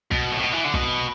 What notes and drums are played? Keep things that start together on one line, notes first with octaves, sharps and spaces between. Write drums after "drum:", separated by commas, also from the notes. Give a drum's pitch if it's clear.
B2, drum: kick
A2
B2
E3
D3
B2, drum: kick